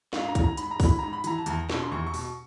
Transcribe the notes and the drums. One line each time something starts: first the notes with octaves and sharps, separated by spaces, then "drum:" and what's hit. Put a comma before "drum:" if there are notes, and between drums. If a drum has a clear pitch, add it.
G#2 F5, drum: snare
A#5
E3, drum: kick, hi-hat
A#5
G#2 B5, drum: hi-hat
A#5
E3, drum: kick, open hi-hat
B5
G#2 A#5
B5
E3 A#5, drum: hi-hat
A5
E2 A#5, drum: hi-hat
B2, drum: snare
C6
E2 C#6
C#6
B2, drum: open hi-hat
C#6